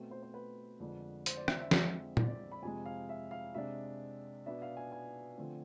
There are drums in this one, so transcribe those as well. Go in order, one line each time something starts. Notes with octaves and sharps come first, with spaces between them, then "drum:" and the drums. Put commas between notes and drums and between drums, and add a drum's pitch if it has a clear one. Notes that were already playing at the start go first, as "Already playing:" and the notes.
Already playing: B2 A3 C4
C5
C5
B4
F2 D3 G#3 D4
C5, drum: hi-hat
D5
E5, drum: rim click
E5
F2 D3 G#3 C4, drum: snare
D5, drum: tom A#2
D5
B5
F2 C3 G#3 G#5
F5
E5
F5
C3 G#3 D4 E5
B2 B3 D4 E5
F5
G#5
G#5
D3 F3 A3 C4